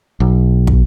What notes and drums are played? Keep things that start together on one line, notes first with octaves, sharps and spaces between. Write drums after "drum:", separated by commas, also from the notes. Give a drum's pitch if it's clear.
B1
drum: kick